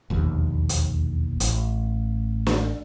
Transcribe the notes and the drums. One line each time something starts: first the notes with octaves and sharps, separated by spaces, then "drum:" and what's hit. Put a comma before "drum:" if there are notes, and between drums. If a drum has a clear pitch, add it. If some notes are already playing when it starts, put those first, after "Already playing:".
E1 A#1 D#2
drum: hi-hat
A1, drum: hi-hat
drum: snare